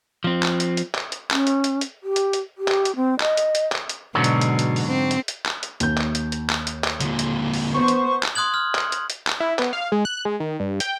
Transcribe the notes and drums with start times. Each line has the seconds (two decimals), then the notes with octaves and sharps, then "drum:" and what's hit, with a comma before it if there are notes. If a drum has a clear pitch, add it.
0.24 F3 C4
0.43 drum: clap
0.60 drum: hi-hat
0.77 drum: hi-hat
0.95 drum: clap
1.12 drum: hi-hat
1.31 C#4, drum: clap
1.47 drum: hi-hat
1.64 drum: hi-hat
1.81 drum: hi-hat
2.03 G4
2.16 drum: hi-hat
2.33 drum: hi-hat
2.58 G4
2.68 drum: clap
2.85 drum: hi-hat
2.96 C4
3.20 D#5, drum: clap
3.37 drum: hi-hat
3.55 drum: hi-hat
3.72 drum: clap
3.89 drum: hi-hat
4.15 G#2 B2 D3 F#3
4.24 drum: hi-hat
4.41 drum: hi-hat
4.59 drum: hi-hat
4.76 drum: open hi-hat
4.87 C4
5.11 drum: hi-hat
5.28 drum: hi-hat
5.45 drum: clap
5.63 drum: hi-hat
5.80 D#2 G6, drum: hi-hat
5.98 drum: clap
6.15 drum: hi-hat
6.32 drum: hi-hat
6.50 drum: clap
6.67 drum: hi-hat
6.84 drum: clap
7.00 A#2 D3, drum: hi-hat
7.19 drum: hi-hat
7.54 drum: open hi-hat
7.74 B3 C5 C#6
7.88 drum: hi-hat
8.23 drum: clap
8.35 C6 D#6 F#6 G#6 F#7
8.54 F6
8.75 drum: clap
8.92 drum: hi-hat
9.10 drum: hi-hat
9.27 drum: clap
9.40 E4
9.59 B3, drum: clap
9.73 F5
9.92 G#3
10.05 F#6
10.25 G#3
10.40 D#3
10.60 G2
10.80 G5, drum: hi-hat